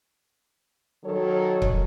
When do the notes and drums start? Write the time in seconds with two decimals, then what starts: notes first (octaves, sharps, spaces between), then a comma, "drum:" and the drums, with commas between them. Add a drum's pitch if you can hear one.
1.04 D#3 F#3 A4 A#4 C#5
1.62 drum: kick C#1